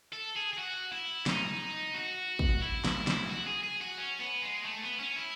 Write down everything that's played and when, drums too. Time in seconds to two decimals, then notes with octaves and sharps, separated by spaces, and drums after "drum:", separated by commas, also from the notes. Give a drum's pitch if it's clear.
0.13 A4
0.36 G#4
0.53 G#4
0.58 F#4
0.92 E4
1.26 D#4, drum: snare
1.94 F#4
2.39 drum: kick
2.62 E4
2.84 drum: snare
3.07 drum: snare
3.30 F#4
3.47 G#4
3.63 G#4
3.81 F#4
3.98 C#4
4.21 B3
4.42 G#3
4.65 A3
4.82 B3
5.00 C#4
5.16 E4